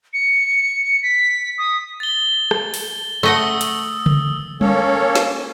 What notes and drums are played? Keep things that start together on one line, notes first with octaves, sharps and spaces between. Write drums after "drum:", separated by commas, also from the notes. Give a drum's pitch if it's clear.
C#7
B6
D#6
A6 G7
drum: rim click
drum: open hi-hat
A3 D#5 F#5 D#6 E6
drum: hi-hat
drum: tom C#3
A#3 C#4 A4 C#5, drum: tom G3
drum: snare